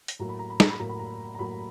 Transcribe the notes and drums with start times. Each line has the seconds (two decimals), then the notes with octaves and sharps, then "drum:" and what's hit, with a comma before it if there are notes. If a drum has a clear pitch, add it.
0.08 drum: hi-hat
0.19 A2 F#3 A#3 A#5
0.29 B5
0.39 A#5
0.50 B5
0.60 A#5, drum: snare
0.70 B5
0.79 A2 F#3 A#3 A#5
0.89 B5
0.99 A#5
1.35 A#5
1.39 A2 F#3 A#3 B5